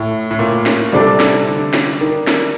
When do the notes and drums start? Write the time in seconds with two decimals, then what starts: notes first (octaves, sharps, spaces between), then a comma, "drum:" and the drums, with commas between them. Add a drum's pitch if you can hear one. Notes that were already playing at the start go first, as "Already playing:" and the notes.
Already playing: A2
0.31 A2
0.39 A#2
0.66 drum: snare
0.92 C3 G3 D4 A4 D5
1.20 drum: snare
1.47 D3
1.74 drum: snare
2.01 D#3
2.27 drum: snare